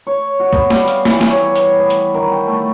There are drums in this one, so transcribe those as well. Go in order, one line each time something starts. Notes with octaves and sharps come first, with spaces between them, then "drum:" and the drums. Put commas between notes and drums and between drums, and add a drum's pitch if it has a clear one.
C#5
F#4
B3, drum: kick
G3, drum: snare
F5, drum: hi-hat
E3, drum: snare
drum: snare
C#5
B4, drum: hi-hat
B3
drum: hi-hat
D#3
G5
A3